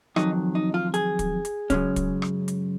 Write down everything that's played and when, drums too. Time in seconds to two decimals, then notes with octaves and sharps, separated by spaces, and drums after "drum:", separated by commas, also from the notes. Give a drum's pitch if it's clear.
0.16 F2 D#3 F#3 D#4, drum: rim click
0.55 D#4
0.74 F4
0.94 G#4, drum: hi-hat
1.19 drum: kick, hi-hat
1.45 drum: hi-hat
1.70 F#2 C#3 G#3 C#4, drum: kick, hi-hat
1.96 drum: kick, hi-hat
2.22 drum: rim click
2.48 drum: hi-hat